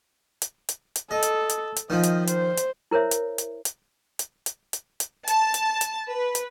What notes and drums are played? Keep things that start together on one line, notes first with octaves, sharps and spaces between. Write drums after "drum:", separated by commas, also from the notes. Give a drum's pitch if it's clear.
drum: hi-hat
drum: hi-hat
drum: hi-hat
A4 D#5
drum: hi-hat
drum: hi-hat
drum: hi-hat
D#3 F3 D#5
drum: hi-hat
C5, drum: hi-hat
drum: hi-hat
E4 A#4 C5 C#5 E5
drum: hi-hat
drum: hi-hat
drum: hi-hat
drum: hi-hat
drum: hi-hat
drum: hi-hat
drum: hi-hat
A5, drum: hi-hat
drum: hi-hat
drum: hi-hat
B4
drum: hi-hat